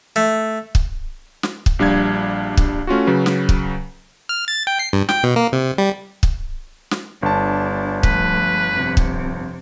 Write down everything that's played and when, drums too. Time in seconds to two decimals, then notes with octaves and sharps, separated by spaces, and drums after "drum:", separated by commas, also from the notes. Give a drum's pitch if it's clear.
0.16 A3
0.75 drum: kick
1.43 drum: snare
1.66 drum: kick
1.79 A#1 G3 D4 F5 G#6
2.57 drum: kick
2.87 A3 C#4 F4 F#4
3.07 C#3 F#3 B4
3.26 drum: snare
3.49 drum: kick
4.29 F6
4.48 A6
4.67 G5
4.79 C7
4.93 G2
5.09 G5, drum: snare
5.23 B2
5.36 A#3
5.53 C3
5.78 G3
6.23 drum: kick
6.91 drum: snare
7.23 G1 D4 A5
8.03 F3 A3 B4, drum: kick
8.71 F2 C3
8.97 drum: kick